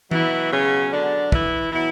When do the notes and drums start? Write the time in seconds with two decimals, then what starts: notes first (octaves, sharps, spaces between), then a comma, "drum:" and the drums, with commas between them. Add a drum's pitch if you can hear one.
0.11 B2 E3 F#3 E4, drum: tom E3
0.52 C#3 C#4
0.92 D3 D4
1.32 E3 E4, drum: kick
1.72 B2 E3 F#3 E4